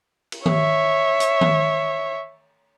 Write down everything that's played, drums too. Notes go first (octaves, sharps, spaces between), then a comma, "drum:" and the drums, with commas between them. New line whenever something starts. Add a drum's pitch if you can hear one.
drum: cymbal
C#5 E5, drum: tom D#3
drum: hi-hat
drum: tom D#3